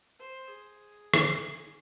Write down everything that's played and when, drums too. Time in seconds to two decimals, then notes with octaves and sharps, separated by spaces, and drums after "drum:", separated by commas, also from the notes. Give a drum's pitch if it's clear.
0.19 C5
0.48 G#4
1.14 drum: rim click
1.35 G#4